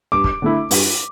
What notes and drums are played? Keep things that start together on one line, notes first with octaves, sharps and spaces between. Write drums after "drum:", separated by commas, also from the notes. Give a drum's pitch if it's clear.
G2 D6
drum: kick
D3 A3 E4
G2, drum: open hi-hat